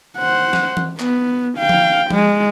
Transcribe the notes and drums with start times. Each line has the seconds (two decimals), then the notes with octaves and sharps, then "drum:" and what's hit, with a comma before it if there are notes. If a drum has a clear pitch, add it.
0.17 C5 F#5
0.53 drum: snare
0.77 drum: tom E3
1.00 B3, drum: clap
1.58 F5 G5
1.69 drum: tom F3
2.11 G#3, drum: tom F3